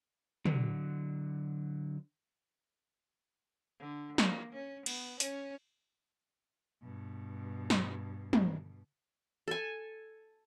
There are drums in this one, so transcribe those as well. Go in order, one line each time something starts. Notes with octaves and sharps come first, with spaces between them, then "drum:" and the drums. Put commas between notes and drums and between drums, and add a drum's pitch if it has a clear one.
D3 F#3, drum: tom
D3
A#3, drum: snare
C#4
B3, drum: cymbal
C#4, drum: hi-hat
G2 B2
drum: snare
drum: tom
A4 G#5